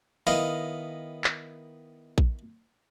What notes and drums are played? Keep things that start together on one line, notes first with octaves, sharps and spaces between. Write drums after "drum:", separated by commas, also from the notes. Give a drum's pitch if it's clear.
D#3 B3 E4 D#5 F5, drum: open hi-hat
drum: clap
drum: kick A#1